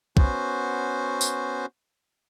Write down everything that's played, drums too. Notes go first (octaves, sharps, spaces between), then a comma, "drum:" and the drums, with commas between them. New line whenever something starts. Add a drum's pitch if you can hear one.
B3 C#4 F#4 C5, drum: kick
drum: tambourine